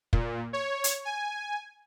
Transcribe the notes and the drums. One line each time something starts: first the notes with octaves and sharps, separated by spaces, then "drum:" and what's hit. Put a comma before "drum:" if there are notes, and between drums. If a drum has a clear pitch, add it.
A#2, drum: kick
C#5
drum: hi-hat
G#5